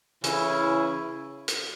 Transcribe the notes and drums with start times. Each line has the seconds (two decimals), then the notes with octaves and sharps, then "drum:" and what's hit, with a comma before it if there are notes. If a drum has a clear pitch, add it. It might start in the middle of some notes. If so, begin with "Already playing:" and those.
0.24 C#3 E3 C#4 E4, drum: hi-hat
1.48 drum: hi-hat